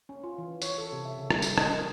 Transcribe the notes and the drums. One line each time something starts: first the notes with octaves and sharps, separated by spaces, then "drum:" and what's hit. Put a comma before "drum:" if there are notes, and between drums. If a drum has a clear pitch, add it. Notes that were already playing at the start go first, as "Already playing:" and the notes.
C#4
F4
E3
C#5, drum: tambourine
A4
C3
E5
C#3
G3, drum: rim click
A4, drum: tambourine
D#5, drum: rim click
A#4